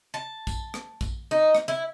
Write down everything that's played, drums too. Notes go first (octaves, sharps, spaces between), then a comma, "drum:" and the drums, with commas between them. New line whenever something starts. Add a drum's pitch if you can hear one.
A5
drum: kick, tambourine
drum: rim click
drum: kick, tambourine
D#4
drum: rim click
E4